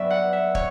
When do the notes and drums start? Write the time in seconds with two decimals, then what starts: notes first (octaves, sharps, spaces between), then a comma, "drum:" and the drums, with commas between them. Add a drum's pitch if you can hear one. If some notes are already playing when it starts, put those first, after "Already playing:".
Already playing: G2 F#3 B3 D5 E5
0.10 F#5
0.33 E5
0.55 C#5, drum: kick